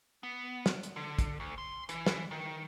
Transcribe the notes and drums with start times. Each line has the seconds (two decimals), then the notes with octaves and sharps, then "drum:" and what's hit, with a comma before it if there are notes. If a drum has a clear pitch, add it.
0.23 B3
0.66 drum: snare
0.83 drum: hi-hat
0.96 D3
1.19 drum: kick, hi-hat
1.40 D2
1.58 C6
1.89 E3, drum: hi-hat
2.06 drum: snare
2.31 D#3